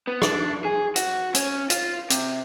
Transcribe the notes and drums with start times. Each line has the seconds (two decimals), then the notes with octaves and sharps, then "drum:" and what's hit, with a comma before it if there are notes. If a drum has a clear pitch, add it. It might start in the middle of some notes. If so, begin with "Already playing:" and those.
0.07 B3
0.22 D4, drum: rim click
0.65 G#4
0.96 F#4, drum: hi-hat
1.35 C#4, drum: hi-hat
1.70 F4, drum: hi-hat
2.10 C3, drum: hi-hat